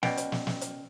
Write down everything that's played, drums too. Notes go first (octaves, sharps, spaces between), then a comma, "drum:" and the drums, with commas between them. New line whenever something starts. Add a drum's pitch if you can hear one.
B2 C#4 D5 G5, drum: snare
drum: hi-hat
drum: snare
drum: snare
drum: hi-hat